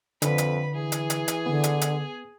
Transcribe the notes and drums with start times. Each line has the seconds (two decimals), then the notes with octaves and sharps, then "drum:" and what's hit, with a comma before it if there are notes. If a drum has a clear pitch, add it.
0.22 F2 D3 B4 B5, drum: hi-hat
0.38 drum: hi-hat
0.74 E3 G#4
0.92 drum: hi-hat
1.10 drum: hi-hat
1.28 drum: hi-hat
1.46 D3 B3
1.64 drum: hi-hat
1.81 drum: hi-hat